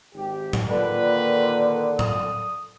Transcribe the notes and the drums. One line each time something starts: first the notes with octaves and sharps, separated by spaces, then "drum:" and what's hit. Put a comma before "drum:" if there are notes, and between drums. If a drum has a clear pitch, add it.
G#1 G4
drum: tom A2
A#2 D3 D#3 B4
D#6, drum: tom A2